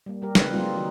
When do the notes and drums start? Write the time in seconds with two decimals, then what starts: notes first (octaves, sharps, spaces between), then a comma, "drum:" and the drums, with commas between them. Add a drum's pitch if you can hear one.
0.06 G3 A#3
0.22 G3 G4 A#4
0.35 C#3 G3 C4 D#4 B4, drum: snare
0.53 F#3 G#3 A#3 C4 D#4 F4
0.76 D#3 F#3 D#4